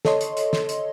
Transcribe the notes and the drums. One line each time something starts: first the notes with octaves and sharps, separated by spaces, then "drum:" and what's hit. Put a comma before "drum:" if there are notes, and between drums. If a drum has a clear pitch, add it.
A4 C#5 D#5 C6, drum: snare
drum: hi-hat
drum: hi-hat
drum: snare
drum: hi-hat